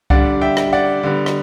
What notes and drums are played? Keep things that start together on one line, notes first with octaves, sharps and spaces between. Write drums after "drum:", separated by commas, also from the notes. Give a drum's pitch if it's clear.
D3 G3 D4 D5 F#5, drum: kick C2
E5 G5
drum: rim click
D5 F#5
D3 G3 B3
drum: rim click